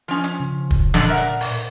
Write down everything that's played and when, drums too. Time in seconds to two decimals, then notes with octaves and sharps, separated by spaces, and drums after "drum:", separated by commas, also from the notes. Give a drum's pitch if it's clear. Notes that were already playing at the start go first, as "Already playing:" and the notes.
0.08 F3 C#4
0.24 drum: hi-hat
0.40 C#3
0.71 drum: kick
0.94 A#2 D3 D5, drum: snare
1.08 A#4 E5 F#5
1.17 drum: hi-hat
1.41 drum: open hi-hat